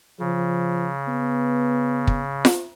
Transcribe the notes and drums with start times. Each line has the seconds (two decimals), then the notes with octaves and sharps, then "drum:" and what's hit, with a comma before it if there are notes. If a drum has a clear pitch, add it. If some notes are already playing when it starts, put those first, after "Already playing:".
0.20 C#3 F3
1.08 B3
2.07 drum: kick
2.45 drum: snare F4